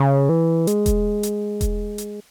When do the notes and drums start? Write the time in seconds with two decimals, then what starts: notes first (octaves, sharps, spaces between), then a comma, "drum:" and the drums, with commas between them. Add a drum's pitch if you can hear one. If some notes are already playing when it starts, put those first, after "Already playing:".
Already playing: C#3
0.29 E3
0.67 G#3, drum: hi-hat
0.86 drum: kick E1, hi-hat
1.23 drum: hi-hat
1.61 drum: kick E1, hi-hat
1.98 drum: hi-hat